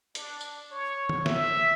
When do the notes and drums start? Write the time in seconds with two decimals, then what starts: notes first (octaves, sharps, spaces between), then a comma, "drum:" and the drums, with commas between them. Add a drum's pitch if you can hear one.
0.15 D4, drum: hi-hat
0.41 drum: tambourine
0.71 C#5
1.09 drum: tom D#3
1.26 E5, drum: snare